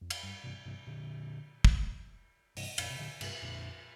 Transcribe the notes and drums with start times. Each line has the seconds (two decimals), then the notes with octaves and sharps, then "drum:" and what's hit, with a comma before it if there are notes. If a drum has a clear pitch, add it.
0.01 F2
0.10 drum: cymbal
0.23 G2
0.44 G2 C3
0.65 G2 C3
0.87 A#2 D3
1.65 drum: kick
2.57 G2 C3, drum: open hi-hat
2.78 F2 A#2, drum: cymbal
2.90 C3
2.99 A#2 D3
3.21 G2 C3, drum: cymbal
3.42 F2 A#2